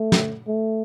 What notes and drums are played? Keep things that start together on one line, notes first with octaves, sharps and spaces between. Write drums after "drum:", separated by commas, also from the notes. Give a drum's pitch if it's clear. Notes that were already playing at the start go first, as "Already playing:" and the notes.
Already playing: A3
drum: snare
A3